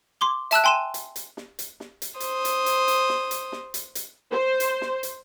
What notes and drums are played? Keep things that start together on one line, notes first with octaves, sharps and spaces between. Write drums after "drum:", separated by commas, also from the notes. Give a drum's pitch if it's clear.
C6 D6 G7
E5 A5 E6 F#6, drum: hi-hat
G5 G#5 C6 D#7 E7
drum: hi-hat
drum: hi-hat
drum: snare
drum: hi-hat
drum: snare
drum: hi-hat
C5 D#6, drum: hi-hat
drum: hi-hat
drum: hi-hat
drum: hi-hat
drum: snare
drum: hi-hat
drum: snare
drum: hi-hat
drum: hi-hat
C5
drum: hi-hat
drum: snare
drum: hi-hat